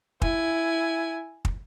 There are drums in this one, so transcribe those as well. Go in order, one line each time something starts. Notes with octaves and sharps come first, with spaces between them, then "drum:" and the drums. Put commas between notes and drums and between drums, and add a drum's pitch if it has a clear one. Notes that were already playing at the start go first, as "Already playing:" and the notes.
E4 G#5, drum: kick
drum: kick